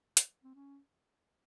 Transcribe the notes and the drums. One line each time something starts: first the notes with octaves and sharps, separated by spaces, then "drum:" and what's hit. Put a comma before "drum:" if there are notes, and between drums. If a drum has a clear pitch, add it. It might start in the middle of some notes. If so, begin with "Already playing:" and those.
drum: hi-hat
C4
C#4